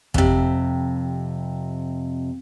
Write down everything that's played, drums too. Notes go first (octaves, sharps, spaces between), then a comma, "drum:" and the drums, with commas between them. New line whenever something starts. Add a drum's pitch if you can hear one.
F2 C3, drum: kick